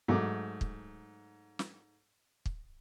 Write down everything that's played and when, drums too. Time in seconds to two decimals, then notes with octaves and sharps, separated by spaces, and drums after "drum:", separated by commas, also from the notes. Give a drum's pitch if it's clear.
0.08 G#2 F#3 A3 D6
0.61 drum: kick
1.59 drum: snare
2.46 drum: kick